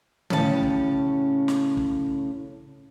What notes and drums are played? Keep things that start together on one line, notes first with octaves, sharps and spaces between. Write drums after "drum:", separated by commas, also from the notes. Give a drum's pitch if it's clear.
A2 C#3 C#4 G4 D#5 A5, drum: tom D3
drum: kick
drum: snare
drum: kick